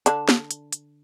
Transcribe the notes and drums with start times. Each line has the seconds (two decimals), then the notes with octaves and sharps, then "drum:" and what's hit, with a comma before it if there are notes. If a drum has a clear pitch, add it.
0.06 D3 D4, drum: hi-hat
0.29 drum: snare
0.51 drum: hi-hat
0.73 drum: hi-hat